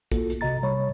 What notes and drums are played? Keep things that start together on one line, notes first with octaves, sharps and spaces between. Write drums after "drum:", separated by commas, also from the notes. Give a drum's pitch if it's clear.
A#3 F4 F#4 A4, drum: kick A1, hi-hat
drum: hi-hat
B1 C3 F#4 D#5 A#5 A6
C3 G3 C#5 B5 C#6